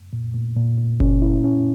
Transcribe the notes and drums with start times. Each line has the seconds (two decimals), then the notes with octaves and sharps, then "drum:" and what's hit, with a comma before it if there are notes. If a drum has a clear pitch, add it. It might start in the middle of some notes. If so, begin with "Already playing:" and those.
0.13 A#2
0.35 A#2
0.56 A#2
0.78 A#2
1.00 C#4, drum: kick F#1
1.22 E4
1.44 C#4